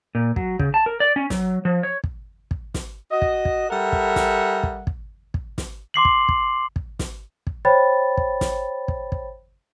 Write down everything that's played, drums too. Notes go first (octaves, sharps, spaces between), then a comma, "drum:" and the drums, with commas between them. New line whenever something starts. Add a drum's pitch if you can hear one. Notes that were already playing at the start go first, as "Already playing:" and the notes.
A#2
F#3, drum: kick
C#3, drum: kick
A5
A#4
D5
C#4
F#3, drum: snare
F3
C#5
drum: kick
drum: kick
drum: snare
F#4 D#5
drum: kick
drum: kick
G3 A4 A#4 E5 F#5
drum: kick
drum: snare
drum: kick
drum: kick
drum: kick
drum: snare
C6 D6 C7 F#7
drum: kick
drum: kick
drum: kick
drum: snare
drum: kick
C5 C#5 G5 B5 A6
drum: kick
drum: snare
drum: kick
drum: kick